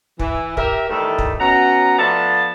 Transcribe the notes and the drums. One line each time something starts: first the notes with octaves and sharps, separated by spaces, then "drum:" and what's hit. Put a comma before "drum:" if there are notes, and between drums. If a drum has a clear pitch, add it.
E3, drum: kick
G4 A#4 E5, drum: kick
A2 D#3 E3 G3 A3
drum: kick
B2 C#4 F#5 A#5
F3 A3 B3 D4 A5